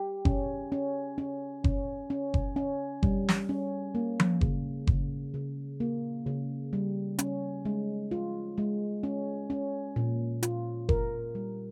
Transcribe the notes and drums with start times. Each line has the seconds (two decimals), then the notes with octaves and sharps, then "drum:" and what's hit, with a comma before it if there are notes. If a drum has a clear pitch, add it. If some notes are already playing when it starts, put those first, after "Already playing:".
Already playing: G4
0.25 C#4, drum: kick F#1
0.72 C#4
1.18 C#4
1.64 C#4, drum: kick F#1
2.10 C#4
2.34 drum: kick F#1
2.56 C#4
3.03 G3, drum: kick F#1
3.29 drum: snare
3.49 C#4
3.95 A#3
4.20 drum: tom F3
4.41 C#3, drum: kick F#1
4.87 C#3, drum: kick F#1
5.34 C#3
5.80 A#3
6.26 C#3
6.73 G3
7.19 C#4, drum: hi-hat
7.65 G#3
8.11 F4
8.58 G#3
9.03 C#4
9.50 C#4
9.96 A#2
10.43 F4, drum: hi-hat
10.89 A#4, drum: kick F#1
11.35 G3